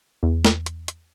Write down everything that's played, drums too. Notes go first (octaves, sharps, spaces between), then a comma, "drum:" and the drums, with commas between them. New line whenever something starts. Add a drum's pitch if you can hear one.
E2
drum: snare
drum: hi-hat
drum: hi-hat